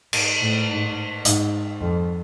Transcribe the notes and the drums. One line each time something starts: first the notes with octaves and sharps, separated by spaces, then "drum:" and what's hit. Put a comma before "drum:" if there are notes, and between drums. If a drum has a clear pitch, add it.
G#2, drum: cymbal
A2
G#2
G#2, drum: hi-hat
F2